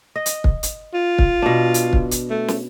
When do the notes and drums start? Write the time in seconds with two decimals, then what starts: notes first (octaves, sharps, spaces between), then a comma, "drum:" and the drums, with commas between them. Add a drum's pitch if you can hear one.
0.16 D#5
0.26 drum: hi-hat
0.44 drum: kick
0.63 drum: hi-hat
0.94 F4
1.18 drum: kick
1.42 B2 D4
1.74 drum: hi-hat
1.93 drum: kick
2.11 drum: hi-hat
2.30 A3
2.48 drum: snare